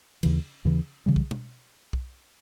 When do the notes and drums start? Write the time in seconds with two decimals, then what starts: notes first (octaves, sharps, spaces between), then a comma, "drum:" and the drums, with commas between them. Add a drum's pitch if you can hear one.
0.23 D#2 C#3 E3, drum: cymbal
0.65 D#2 C#3 E3
1.06 C#3 E3 G3
1.16 drum: kick
1.31 drum: tom
1.93 drum: kick